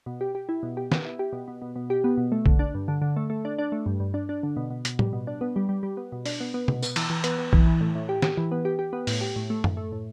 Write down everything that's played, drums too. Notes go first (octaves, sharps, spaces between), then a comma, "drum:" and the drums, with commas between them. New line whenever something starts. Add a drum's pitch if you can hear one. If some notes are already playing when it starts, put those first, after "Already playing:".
B2
G4
G4
E4
B2
G4
B3, drum: snare
E4
G4
B2
B2
B2
B2
G4
B3
B2
A3
D3, drum: kick A#1
D4
G2
D3
D3
A3
A3
D4
D4
A3
G2
G2
D4
D4
D3
B2
B2
B2, drum: hi-hat
G3, drum: tom A2
B2
D4
B3
G3
G3
G3
B3
B2
D4, drum: open hi-hat
B3
B3
B2, drum: tom C3
B3, drum: tambourine
E3, drum: cymbal
E3
B3, drum: hi-hat
B3
E3, drum: kick A#1
E3
A2
A2
G4
G4, drum: snare
E3
B3
G4
G4
B3
A2, drum: open hi-hat
G4
A2
A3
A2, drum: tom F#2
A3
A2